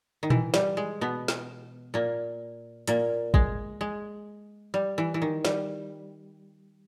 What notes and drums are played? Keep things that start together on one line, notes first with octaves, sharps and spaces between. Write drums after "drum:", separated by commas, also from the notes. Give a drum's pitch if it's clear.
D#3
E3, drum: tom A#2
G3, drum: snare
G#3
B2 B3
drum: snare
A#2 A#3
A#2 A#3, drum: hi-hat
G#3, drum: kick
G#3
G3
E3
E3
D#3
G3, drum: snare